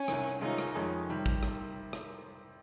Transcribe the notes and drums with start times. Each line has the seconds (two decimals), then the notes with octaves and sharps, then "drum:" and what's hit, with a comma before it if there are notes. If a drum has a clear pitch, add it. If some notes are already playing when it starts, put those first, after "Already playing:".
Already playing: C#4
0.08 C2 C3 D#3, drum: rim click
0.41 C3 D#3 G#3 C#4 D#4 F4
0.58 drum: rim click
0.75 F2 D#3 G#3 C#4
1.09 C3 D#3 G3
1.26 drum: kick
1.43 drum: rim click
1.93 drum: rim click